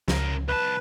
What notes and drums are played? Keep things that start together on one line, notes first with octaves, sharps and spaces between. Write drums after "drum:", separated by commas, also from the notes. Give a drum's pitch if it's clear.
C#2 C#3 A#4, drum: snare
C2 B4 A5